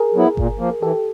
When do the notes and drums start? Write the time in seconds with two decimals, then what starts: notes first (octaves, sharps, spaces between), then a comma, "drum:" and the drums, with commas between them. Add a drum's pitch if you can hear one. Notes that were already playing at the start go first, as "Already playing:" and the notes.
Already playing: G#4 A#4
0.14 F#3 B3 E4
0.37 A#2, drum: kick G1
0.59 F3 A#3
0.82 E3 G4 A4